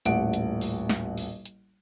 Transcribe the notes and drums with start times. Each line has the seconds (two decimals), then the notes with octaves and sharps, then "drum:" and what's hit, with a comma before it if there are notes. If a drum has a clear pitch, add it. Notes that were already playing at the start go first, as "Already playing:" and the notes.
0.05 D#1 A1 F#5 D7, drum: hi-hat
0.33 drum: hi-hat
0.61 drum: open hi-hat
0.89 drum: snare
1.17 drum: open hi-hat
1.46 drum: hi-hat